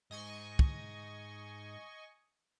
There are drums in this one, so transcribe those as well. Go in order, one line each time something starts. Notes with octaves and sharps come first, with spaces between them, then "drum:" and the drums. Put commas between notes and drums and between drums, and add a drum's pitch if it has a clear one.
G#2 D#5 G#5 C#6
drum: kick